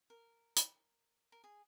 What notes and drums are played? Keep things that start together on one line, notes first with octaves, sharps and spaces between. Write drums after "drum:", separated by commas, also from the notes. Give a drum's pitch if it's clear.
A#4
drum: hi-hat
A#4
G#4